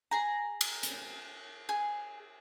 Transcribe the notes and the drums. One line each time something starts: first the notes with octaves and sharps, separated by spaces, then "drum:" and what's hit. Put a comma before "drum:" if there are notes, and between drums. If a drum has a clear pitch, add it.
G#4 A#5
drum: cymbal
drum: hi-hat
G#4